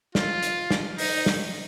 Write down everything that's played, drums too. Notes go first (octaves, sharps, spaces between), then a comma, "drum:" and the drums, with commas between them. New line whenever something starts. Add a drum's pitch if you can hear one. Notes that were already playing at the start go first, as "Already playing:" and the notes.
F4, drum: snare
drum: hi-hat
drum: snare
D#4, drum: open hi-hat
drum: snare